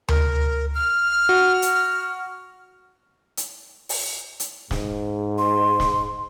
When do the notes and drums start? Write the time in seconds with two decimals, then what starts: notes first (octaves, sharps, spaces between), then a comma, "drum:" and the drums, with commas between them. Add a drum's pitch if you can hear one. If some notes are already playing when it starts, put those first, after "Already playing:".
0.09 A#4, drum: tom D2
0.75 F6
1.29 F#4
1.62 drum: hi-hat
3.37 drum: hi-hat
3.89 drum: open hi-hat
4.40 drum: hi-hat
4.71 G#2, drum: snare
5.38 C6
5.80 drum: snare